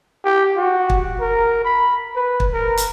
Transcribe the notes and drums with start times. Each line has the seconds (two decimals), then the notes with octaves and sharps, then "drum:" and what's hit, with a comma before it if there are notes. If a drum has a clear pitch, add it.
0.25 G4
0.57 F#4
0.90 drum: kick
1.21 A#4
1.65 B5
2.16 B4
2.40 drum: kick
2.53 A#4
2.77 drum: hi-hat